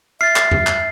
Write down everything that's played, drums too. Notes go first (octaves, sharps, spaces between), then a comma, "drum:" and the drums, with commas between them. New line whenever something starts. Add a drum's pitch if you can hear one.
E5 F6 A6 C7
drum: clap
drum: tom F2
drum: clap